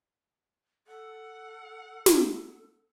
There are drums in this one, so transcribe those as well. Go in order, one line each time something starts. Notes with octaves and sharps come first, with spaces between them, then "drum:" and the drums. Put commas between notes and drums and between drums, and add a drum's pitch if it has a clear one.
A4 F#5
drum: snare